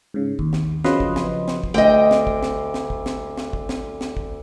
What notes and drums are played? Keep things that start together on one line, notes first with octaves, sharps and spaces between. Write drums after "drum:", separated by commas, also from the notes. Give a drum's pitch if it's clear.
G#2 C#3
D#2, drum: kick
drum: snare
C#3 F3 F#3 B4 D#5 C6, drum: snare
drum: kick
drum: snare
drum: snare
drum: kick
D2 D#5 G5
drum: snare
drum: kick
drum: snare
drum: snare
drum: kick
drum: snare
drum: snare
drum: kick
drum: snare
drum: snare
drum: kick